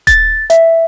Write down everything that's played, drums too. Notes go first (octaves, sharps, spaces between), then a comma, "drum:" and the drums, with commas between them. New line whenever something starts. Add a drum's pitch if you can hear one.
A6, drum: kick D#1, hi-hat
E5, drum: hi-hat